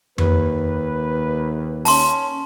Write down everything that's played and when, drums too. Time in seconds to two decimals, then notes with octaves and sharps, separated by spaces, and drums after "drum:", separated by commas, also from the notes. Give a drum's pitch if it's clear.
0.18 D#2 B4, drum: tom F2
1.85 C#4 A5 C6, drum: open hi-hat